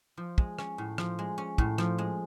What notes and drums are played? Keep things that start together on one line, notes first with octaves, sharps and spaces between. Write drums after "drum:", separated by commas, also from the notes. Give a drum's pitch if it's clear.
F3
G#3, drum: kick
C#4, drum: rim click
A2
F3, drum: rim click
G#3
C#4
A2, drum: kick
F3, drum: rim click
G#3